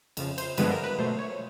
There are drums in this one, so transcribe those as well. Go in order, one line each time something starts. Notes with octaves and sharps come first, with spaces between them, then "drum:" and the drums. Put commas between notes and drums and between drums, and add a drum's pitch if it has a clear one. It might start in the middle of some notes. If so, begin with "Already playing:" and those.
F2 C#3 F3, drum: cymbal
C5, drum: cymbal
G2 D3 F3 G#3 B3 B4, drum: cymbal
A#4
B4
B2 F#3 A3 C5
C5
C#5
C#5